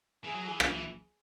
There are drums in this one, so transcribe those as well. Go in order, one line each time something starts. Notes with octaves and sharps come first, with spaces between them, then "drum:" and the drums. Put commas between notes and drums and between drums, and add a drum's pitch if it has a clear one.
E3 G#4
F#3
E3
C#3, drum: rim click
E3